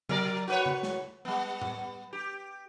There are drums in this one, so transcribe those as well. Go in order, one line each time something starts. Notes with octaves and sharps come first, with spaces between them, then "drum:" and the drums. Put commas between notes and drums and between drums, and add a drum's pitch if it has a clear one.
F#3 A#4 D5, drum: tom C#3
F#4 B4 C#5
drum: tom C#3
drum: snare
G3 B3
drum: tom A2
G4